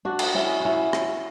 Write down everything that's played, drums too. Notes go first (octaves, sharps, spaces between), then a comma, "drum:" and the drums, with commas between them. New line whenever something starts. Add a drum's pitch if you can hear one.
D4 F#4
drum: cymbal
C#4 E4
C#4 E4 F#4
drum: rim click